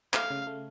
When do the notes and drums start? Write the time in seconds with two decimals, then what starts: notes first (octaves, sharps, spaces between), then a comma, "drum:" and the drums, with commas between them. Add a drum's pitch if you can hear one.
0.14 A3 F5, drum: clap
0.30 C#3
0.47 A3